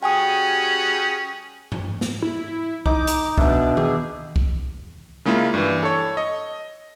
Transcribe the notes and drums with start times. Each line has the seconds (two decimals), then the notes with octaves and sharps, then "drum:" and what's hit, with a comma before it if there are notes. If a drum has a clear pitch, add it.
0.03 G3 C#4 F#4 G#4 G5 G#5 D#6
1.72 drum: tom G2
2.01 drum: snare
2.22 E4
2.86 D#4 D6, drum: kick C2
3.07 drum: hi-hat
3.38 B2 D4 E5, drum: kick C2
3.77 G4 G#4, drum: tom D#3
4.36 drum: kick C2
5.25 C#3 G#3 A#3 E4 F4
5.54 G2 E3
5.83 A4 C#5
6.17 D#5